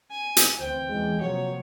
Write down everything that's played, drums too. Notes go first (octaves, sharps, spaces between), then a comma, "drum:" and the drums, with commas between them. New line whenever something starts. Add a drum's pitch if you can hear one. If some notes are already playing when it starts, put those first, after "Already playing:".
G#5
drum: hi-hat
D2 E3 C4 C5 G5
E2 E3 F#3 G#3
C3 F3 F#3 A#3 C#5